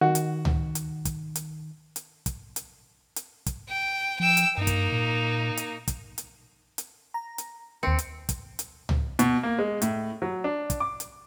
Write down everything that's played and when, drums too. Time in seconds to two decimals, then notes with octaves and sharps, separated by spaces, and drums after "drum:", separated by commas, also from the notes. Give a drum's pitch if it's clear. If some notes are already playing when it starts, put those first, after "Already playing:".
0.01 D#3 F#4
0.15 drum: hi-hat
0.45 drum: tom C#2
0.75 drum: hi-hat
1.05 drum: kick, hi-hat
1.35 drum: hi-hat
1.96 drum: hi-hat
2.26 drum: kick, hi-hat
2.56 drum: hi-hat
3.16 drum: hi-hat
3.46 drum: kick, hi-hat
3.69 G5
4.20 F3 G5 E6
4.37 drum: hi-hat
4.58 G2 A#3 D#4
4.67 drum: kick, hi-hat
4.92 A#2
5.57 drum: hi-hat
5.88 drum: kick, hi-hat
6.18 drum: hi-hat
6.78 drum: hi-hat
7.14 A#5
7.38 drum: hi-hat
7.83 D#2 C4 C#7
7.99 drum: hi-hat
8.29 drum: kick, hi-hat
8.59 drum: hi-hat
8.89 drum: tom C#2
9.19 B2, drum: hi-hat
9.43 A#3
9.59 G#3
9.82 A2, drum: hi-hat
10.22 F#3
10.44 D4
10.70 drum: kick, hi-hat
10.80 D6
11.00 drum: hi-hat